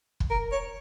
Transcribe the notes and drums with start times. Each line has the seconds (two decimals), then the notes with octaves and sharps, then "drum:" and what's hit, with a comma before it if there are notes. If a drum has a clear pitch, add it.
0.20 drum: kick
0.30 A#4
0.52 C#5